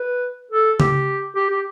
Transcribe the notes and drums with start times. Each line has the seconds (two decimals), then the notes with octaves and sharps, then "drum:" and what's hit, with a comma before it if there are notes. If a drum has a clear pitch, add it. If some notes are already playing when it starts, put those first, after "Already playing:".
Already playing: B4
0.51 A4
0.80 G4, drum: tom C#3
1.35 G4
1.50 G4